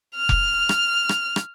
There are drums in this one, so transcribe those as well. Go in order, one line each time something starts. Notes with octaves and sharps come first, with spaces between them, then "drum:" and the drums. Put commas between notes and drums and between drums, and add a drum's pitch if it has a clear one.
F6
drum: kick F1
drum: rim click
drum: rim click
drum: rim click